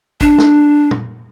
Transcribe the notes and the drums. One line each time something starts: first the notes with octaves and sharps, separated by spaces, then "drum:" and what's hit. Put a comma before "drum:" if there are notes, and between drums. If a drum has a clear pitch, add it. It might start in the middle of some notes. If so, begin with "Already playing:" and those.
D4, drum: kick
drum: snare
drum: tom